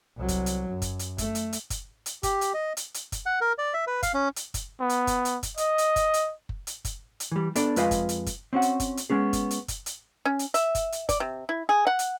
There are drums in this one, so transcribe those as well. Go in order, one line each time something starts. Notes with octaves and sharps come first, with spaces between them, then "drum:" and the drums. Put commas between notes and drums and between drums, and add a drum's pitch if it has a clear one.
C2 F#3
drum: kick F#1, hi-hat
drum: hi-hat
F#2
drum: kick F#1, hi-hat
drum: hi-hat
A3, drum: kick F#1, hi-hat
drum: hi-hat
drum: hi-hat
drum: kick F#1, hi-hat
drum: hi-hat
G4, drum: kick F#1, hi-hat
drum: hi-hat
D#5
drum: hi-hat
drum: hi-hat
drum: kick F#1, hi-hat
F#5
A#4
D5
E5
B4
F5, drum: kick F#1, hi-hat
C#4
drum: hi-hat
drum: kick F#1, hi-hat
B3
drum: hi-hat
drum: kick F#1, hi-hat
drum: hi-hat
drum: kick F#1, hi-hat
D#5, drum: hi-hat
drum: hi-hat
drum: kick F#1, hi-hat
drum: hi-hat
drum: kick F#1
drum: hi-hat
drum: kick F#1, hi-hat
drum: hi-hat
E3 G3
B3 D4 A4 D5, drum: hi-hat
F2 G#3 F4 B4 D#5 F5, drum: hi-hat
drum: kick F#1, hi-hat
drum: hi-hat
drum: kick F#1, hi-hat
C4 C#4 F#4 F#5
drum: hi-hat
drum: kick F#1, hi-hat
drum: hi-hat
G#3 B3 C#4 G#4
drum: kick F#1, hi-hat
drum: hi-hat
drum: kick F#1, hi-hat
drum: hi-hat
C#4
drum: hi-hat
E5, drum: hi-hat
drum: kick F#1, hi-hat
drum: hi-hat
D5, drum: kick F#1, hi-hat
C3
E4
G#4
F#5
drum: hi-hat